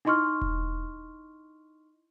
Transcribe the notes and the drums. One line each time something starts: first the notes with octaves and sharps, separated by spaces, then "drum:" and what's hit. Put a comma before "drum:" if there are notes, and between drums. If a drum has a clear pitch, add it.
D#4 E4 D#5 C6 C#6 F6
drum: kick E1